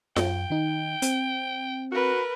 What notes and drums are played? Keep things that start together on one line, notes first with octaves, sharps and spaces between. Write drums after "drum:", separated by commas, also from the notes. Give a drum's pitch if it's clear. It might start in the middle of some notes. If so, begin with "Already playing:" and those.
F#2 G5, drum: snare F4
D#3 D#4
C4, drum: hi-hat
F#4 A#4 B4